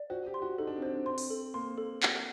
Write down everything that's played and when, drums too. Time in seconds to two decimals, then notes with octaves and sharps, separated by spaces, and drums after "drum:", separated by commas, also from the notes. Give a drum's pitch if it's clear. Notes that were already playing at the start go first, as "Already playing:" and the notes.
Already playing: D5
0.10 F#4 C5
0.26 G4
0.34 C6
0.42 F#4
0.58 D#4 A4
0.67 D4
0.77 C4
0.82 D4 C5
1.06 C4 C6
1.18 drum: open hi-hat
1.30 A4
1.54 A#3 C6
1.78 A4
2.03 F#5, drum: clap